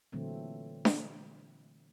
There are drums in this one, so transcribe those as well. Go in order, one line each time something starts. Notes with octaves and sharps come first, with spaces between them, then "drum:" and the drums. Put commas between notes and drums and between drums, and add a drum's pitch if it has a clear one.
A#2 D3 E3 F#3 A3 C4
drum: snare D4